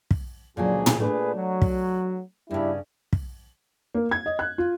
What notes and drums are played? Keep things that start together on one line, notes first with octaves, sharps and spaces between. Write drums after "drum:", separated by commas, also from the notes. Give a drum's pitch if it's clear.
drum: kick
C#2 A#2 D3 F3 F#3 G#4
drum: tom
A#2 A3 D4 G#4 B4
F#3
drum: kick
G2 C#3 G3 D4 E4
drum: kick
A#3
G#6
D#5
F#6
F4